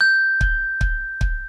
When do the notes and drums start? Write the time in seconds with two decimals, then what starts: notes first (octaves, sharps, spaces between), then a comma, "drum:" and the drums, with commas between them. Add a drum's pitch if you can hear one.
0.01 G6
0.41 drum: kick
0.81 drum: kick
1.21 drum: kick